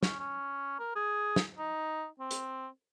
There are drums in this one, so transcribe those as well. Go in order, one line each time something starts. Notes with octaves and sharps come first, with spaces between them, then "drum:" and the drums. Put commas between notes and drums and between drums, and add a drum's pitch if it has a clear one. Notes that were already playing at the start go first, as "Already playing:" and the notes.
C#4, drum: snare
C#4
A#4
G#4
drum: snare
D#4
C4
drum: hi-hat